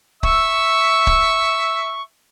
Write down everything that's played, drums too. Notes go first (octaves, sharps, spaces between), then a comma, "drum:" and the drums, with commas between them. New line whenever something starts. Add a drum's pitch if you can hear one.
E5 C#6 E6, drum: kick C#1
drum: kick C#1